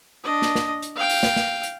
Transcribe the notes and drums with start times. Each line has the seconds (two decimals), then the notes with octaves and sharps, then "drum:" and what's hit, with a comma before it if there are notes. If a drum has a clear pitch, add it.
0.23 D4 D#5
0.42 drum: snare
0.55 drum: snare
0.82 drum: hi-hat
0.96 F5 G5
1.09 drum: open hi-hat
1.23 drum: snare
1.36 drum: snare
1.63 drum: hi-hat